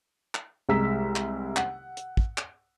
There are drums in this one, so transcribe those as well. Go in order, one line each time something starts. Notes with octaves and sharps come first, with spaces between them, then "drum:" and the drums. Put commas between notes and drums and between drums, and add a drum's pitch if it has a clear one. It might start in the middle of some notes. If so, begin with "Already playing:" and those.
drum: clap
C2 G#3 A#5 E6 B6
drum: clap
F#5, drum: clap
drum: hi-hat
drum: kick
drum: clap